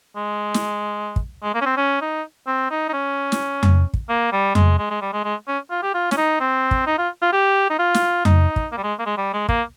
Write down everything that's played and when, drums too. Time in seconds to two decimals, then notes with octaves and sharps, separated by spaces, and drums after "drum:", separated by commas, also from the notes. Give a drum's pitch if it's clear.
0.16 G#3
0.54 drum: snare
1.16 drum: kick
1.43 G#3
1.54 A#3
1.61 C#4
1.66 C4
1.77 C#4
2.01 D#4
2.47 C4
2.71 D#4
2.89 D#4
2.93 C#4
3.32 drum: snare
3.63 drum: tom F2
3.94 drum: kick
4.09 A#3
4.32 G3
4.55 G#3, drum: tom F2
4.79 G#3
4.91 G#3
5.02 G3
5.13 G#3
5.25 G#3
5.48 C#4
5.71 F4
5.83 G4
5.94 F4
6.11 C#4, drum: snare
6.17 D#4
6.40 C4
6.71 drum: kick
6.87 D#4
6.98 F4
7.22 F4
7.33 G4
7.70 D#4
7.79 F4
7.94 drum: snare
8.25 D#4, drum: tom F2
8.56 drum: kick
8.72 A#3
8.78 G3
8.84 G#3
8.99 A#3
9.06 G#3
9.18 G3
9.33 G#3
9.49 A#3, drum: kick